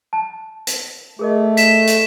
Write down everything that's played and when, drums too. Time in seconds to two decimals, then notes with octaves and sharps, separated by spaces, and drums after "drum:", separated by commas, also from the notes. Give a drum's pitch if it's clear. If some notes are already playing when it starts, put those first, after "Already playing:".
0.13 A5
0.67 drum: hi-hat
1.19 A3 G#4 A#4 D#5
1.57 B6 E7, drum: hi-hat
1.87 drum: hi-hat